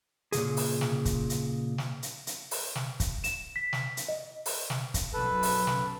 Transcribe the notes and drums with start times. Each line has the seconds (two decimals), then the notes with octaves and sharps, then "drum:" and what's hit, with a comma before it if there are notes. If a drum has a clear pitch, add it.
0.32 A#2 C#3 G#4, drum: hi-hat
0.57 drum: open hi-hat
0.81 drum: snare
1.05 drum: kick, hi-hat
1.30 drum: hi-hat
1.78 drum: snare
2.03 drum: hi-hat
2.27 drum: hi-hat
2.51 drum: open hi-hat
2.75 drum: snare
3.00 drum: kick, hi-hat
3.24 E7, drum: hi-hat
3.56 B6
3.73 drum: snare
3.97 drum: hi-hat
4.08 D#5
4.46 drum: open hi-hat
4.70 drum: snare
4.94 drum: kick, hi-hat
5.13 B1 F#2 A4 B4
5.43 drum: open hi-hat
5.67 drum: snare